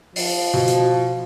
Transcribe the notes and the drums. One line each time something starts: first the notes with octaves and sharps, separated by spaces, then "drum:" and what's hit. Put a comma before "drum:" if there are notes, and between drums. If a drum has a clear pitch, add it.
F3, drum: open hi-hat
B2
drum: hi-hat